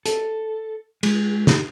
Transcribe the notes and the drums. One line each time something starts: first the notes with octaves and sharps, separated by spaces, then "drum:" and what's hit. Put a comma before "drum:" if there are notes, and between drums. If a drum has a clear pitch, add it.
A4, drum: hi-hat
G#3, drum: cymbal
drum: snare